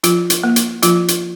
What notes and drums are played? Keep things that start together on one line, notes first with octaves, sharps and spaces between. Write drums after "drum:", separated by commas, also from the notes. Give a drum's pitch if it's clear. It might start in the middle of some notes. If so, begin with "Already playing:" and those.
F3 F4, drum: hi-hat
drum: hi-hat
A#3
drum: hi-hat
F3 F4, drum: hi-hat
drum: hi-hat